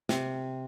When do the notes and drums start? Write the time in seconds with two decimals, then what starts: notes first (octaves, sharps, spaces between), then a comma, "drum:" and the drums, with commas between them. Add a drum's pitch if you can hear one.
0.09 C3, drum: snare